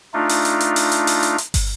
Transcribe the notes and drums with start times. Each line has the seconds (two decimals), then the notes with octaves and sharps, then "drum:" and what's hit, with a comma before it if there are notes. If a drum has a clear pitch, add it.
0.14 A3 D4 D#4 F4
0.29 drum: open hi-hat
0.45 drum: hi-hat
0.61 drum: hi-hat
0.76 drum: open hi-hat
0.92 drum: hi-hat
1.07 drum: open hi-hat
1.23 drum: hi-hat
1.38 drum: hi-hat
1.54 drum: kick, open hi-hat